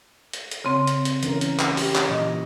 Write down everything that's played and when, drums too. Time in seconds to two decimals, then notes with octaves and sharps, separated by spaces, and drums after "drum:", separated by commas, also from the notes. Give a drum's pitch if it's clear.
0.33 drum: hi-hat
0.51 drum: hi-hat
0.65 C#3 C4
0.87 drum: hi-hat
1.05 drum: hi-hat
1.23 E3 C#4 A#4, drum: hi-hat
1.41 drum: hi-hat
1.59 drum: clap
1.77 G4, drum: open hi-hat
1.95 drum: clap
2.09 A#2 E3 D#5